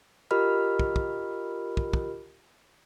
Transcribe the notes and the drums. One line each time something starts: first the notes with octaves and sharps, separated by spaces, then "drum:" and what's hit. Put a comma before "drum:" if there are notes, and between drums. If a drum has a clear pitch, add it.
F4 G4 A#4 D#5 B5 F6
drum: kick
drum: kick
drum: kick
drum: kick